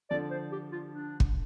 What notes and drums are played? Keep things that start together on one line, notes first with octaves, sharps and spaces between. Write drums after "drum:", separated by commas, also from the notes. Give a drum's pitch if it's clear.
D3 F3 D5
C5
G4
F4
D4
drum: kick